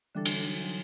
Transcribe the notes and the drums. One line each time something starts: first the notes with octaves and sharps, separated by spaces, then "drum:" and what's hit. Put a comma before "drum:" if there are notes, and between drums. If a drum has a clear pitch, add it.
D3 E3 G3 D4 A4
drum: cymbal
F#3
F#3